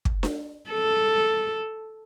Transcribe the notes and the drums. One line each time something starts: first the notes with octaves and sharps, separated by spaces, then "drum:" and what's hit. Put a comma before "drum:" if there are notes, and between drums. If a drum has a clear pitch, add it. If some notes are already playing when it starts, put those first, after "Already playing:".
drum: kick
drum: snare D4
A4